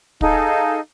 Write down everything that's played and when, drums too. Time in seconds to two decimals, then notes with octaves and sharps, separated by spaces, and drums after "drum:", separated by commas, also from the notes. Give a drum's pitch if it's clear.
0.21 D#4 G#4 A4 F5, drum: kick